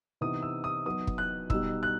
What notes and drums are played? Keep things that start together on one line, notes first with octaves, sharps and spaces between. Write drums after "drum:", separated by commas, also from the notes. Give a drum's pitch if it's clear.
C3 E3 B3 D#4 D#6
E6
D#6
F#3 B3 D#4 D#6
drum: kick
F#6
B2 G3 D#4 E6, drum: kick
F#6